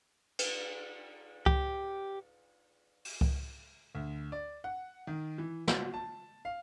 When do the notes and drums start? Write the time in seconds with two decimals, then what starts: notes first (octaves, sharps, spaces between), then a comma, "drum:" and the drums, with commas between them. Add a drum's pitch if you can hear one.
0.39 drum: cymbal
1.46 G4, drum: kick C#2
3.05 drum: open hi-hat
3.21 drum: kick C#2
3.95 D2
4.32 D5
4.64 F#5
5.07 D#3
5.38 E3
5.68 F#4, drum: snare
5.94 A5
6.45 F5